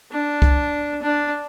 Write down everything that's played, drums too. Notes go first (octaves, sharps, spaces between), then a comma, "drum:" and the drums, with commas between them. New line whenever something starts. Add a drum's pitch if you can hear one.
D4
drum: kick C2
D4